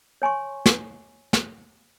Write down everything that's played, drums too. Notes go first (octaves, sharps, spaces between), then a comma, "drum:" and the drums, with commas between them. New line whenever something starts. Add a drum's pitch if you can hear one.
C#5 G#5 C6 C#6
drum: snare
drum: snare